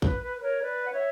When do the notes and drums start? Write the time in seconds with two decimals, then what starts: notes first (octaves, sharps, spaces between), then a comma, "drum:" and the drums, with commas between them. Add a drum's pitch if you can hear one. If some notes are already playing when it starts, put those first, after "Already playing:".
0.02 B4, drum: kick A1
0.22 B4
0.36 B4
0.42 A#4 C#5
0.62 B4 D5
0.85 F#5
0.93 C#5 E5